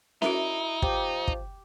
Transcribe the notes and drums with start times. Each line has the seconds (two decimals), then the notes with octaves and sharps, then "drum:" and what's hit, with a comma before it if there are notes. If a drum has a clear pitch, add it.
0.22 D#4 E4 F#4 A#4 E5, drum: snare C#4
0.82 F3 G4, drum: kick
1.28 drum: kick